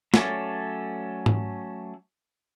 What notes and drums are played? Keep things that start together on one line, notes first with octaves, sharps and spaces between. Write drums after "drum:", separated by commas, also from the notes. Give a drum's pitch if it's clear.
F#3 A3 C#4 A4 D5, drum: snare
drum: tom G#2